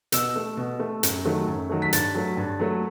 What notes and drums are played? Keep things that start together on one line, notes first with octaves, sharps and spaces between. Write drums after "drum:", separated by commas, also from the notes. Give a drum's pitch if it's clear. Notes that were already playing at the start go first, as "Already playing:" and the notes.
B2 E6, drum: hi-hat
A3
B2
A3
F#2, drum: hi-hat
D#3 F#3 A3
F#2
D#3 F#3 A3
B6
G2 A6, drum: hi-hat
F#3 A3
G2
F#3 A3